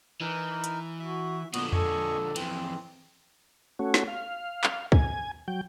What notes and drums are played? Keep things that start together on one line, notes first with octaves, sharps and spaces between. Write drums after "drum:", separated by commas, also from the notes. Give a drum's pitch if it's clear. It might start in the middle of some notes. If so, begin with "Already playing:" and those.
E3 D#4 A#4
drum: hi-hat
F#4 E5
A#2 D3 B3 F#4, drum: cymbal
A4 D#5 G#5 C#6, drum: tom F2
F2 E3 C4, drum: cymbal
A3 C#4 F#4
drum: snare
F5
drum: clap
G#5, drum: kick
F#3 G5